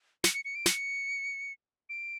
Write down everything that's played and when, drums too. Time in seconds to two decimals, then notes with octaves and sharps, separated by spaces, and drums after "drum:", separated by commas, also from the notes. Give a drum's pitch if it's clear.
0.24 C#7, drum: snare
0.34 C#7
0.45 C#7
0.55 D7
0.66 C#7, drum: snare
1.89 D7